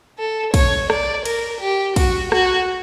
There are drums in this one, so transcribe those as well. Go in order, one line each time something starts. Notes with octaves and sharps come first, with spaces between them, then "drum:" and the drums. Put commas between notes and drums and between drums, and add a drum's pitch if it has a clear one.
A4
C#5, drum: kick, cymbal
D5, drum: rim click
A#4, drum: cymbal
G4
F#4, drum: kick, cymbal
F#4, drum: rim click